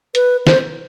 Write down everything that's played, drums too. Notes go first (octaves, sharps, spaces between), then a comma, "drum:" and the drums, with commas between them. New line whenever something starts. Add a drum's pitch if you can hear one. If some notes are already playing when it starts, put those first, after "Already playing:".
B4, drum: hi-hat
C5, drum: snare